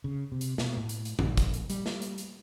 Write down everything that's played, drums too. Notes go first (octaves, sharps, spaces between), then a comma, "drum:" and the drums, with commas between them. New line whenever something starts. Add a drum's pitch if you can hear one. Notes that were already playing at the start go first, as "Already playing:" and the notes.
C#3
C3
drum: hi-hat
B2, drum: snare
A2
drum: hi-hat
drum: hi-hat
A#1, drum: tom G2
drum: kick, hi-hat
drum: hi-hat
G3, drum: hi-hat
drum: snare
drum: hi-hat
drum: hi-hat